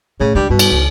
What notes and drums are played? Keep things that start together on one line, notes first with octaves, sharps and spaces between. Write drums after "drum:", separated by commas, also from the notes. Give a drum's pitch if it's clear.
A2 C#3
C#2 G3 D4
G2 B2
drum: cymbal
C#2